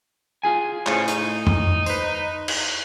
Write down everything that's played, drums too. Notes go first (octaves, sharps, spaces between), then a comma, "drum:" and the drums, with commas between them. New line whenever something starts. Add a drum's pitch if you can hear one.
F4 G#4 G#5
A2 C#3 C5 G#5, drum: clap
D#4, drum: hi-hat
drum: tom F2
B4 C5, drum: tambourine
drum: cymbal